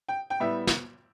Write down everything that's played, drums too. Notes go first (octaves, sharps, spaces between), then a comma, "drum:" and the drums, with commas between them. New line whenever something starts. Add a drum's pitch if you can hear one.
G5
G5
A2 G3 B3 E5
drum: snare